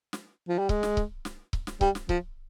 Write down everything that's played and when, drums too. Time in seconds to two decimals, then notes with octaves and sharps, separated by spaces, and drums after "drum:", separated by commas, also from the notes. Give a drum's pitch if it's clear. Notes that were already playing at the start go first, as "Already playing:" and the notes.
0.13 drum: snare
0.48 F3
0.59 G3
0.69 G#3, drum: kick C#1
0.83 drum: snare
0.97 drum: kick C#1
1.25 drum: snare
1.53 drum: kick C#1
1.67 drum: snare
1.81 G3, drum: kick C#1
1.95 drum: snare
2.09 F3, drum: kick C#1